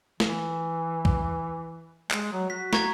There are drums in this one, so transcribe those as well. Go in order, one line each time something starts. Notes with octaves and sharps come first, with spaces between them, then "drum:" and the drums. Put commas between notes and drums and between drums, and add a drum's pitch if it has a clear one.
E3, drum: snare
drum: kick
G#3, drum: clap
F#3
F#4 B6
A#5 C#6 G#6, drum: snare